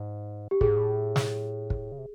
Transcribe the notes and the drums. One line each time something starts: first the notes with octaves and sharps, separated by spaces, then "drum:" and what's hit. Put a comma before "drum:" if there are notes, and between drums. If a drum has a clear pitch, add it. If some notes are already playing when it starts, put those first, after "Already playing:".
Already playing: G#2
G4
A2 G#4, drum: kick
G#2
A2
drum: snare
drum: kick
C#3
C3